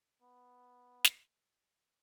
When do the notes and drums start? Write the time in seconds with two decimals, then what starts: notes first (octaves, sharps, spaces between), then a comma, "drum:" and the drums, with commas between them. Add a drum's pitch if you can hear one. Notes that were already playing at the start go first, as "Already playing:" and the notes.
0.22 B3
1.05 drum: snare